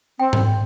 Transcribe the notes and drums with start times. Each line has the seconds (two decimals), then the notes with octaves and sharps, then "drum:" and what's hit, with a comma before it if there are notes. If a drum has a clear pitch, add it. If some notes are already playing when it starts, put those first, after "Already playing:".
0.19 C4 G5
0.33 drum: tom G#2